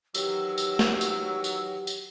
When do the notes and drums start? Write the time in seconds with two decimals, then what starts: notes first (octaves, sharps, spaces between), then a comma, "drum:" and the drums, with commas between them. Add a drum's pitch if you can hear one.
0.14 D#3 E3 F#3 G4 G5 E6, drum: tambourine
0.58 drum: tambourine
0.79 drum: snare
1.01 drum: tambourine
1.44 drum: tambourine
1.87 drum: tambourine